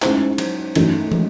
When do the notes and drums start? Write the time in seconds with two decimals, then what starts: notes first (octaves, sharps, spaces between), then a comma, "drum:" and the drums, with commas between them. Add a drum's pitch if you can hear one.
0.02 G#3 C#4 D#4 E4 C5, drum: clap
0.38 F#3, drum: cymbal
0.75 F#2 E3 A3 D#4, drum: cymbal
1.12 G#3, drum: tom